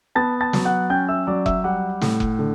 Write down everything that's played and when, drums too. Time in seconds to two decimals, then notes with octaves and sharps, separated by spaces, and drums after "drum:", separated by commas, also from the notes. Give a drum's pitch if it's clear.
0.15 B3 A5 A6
0.41 A5 A6
0.53 F#3, drum: snare
0.65 F#5 F#6
0.90 C#4 G5 G6
1.09 E5 E6
1.27 F#3 D5 D6
1.46 E5 E6, drum: kick F1
1.64 G3 F#5
2.01 A2, drum: snare
2.20 drum: kick F1
2.39 D3